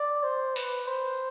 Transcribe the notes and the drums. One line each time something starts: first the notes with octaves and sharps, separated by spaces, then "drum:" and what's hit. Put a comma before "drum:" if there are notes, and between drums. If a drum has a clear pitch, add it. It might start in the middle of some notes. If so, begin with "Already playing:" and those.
Already playing: D5
C5
B4, drum: open hi-hat
C5